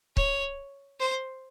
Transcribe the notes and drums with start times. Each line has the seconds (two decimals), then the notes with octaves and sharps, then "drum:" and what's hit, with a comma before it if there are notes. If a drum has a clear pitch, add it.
0.17 C#5, drum: kick C#1
1.00 C5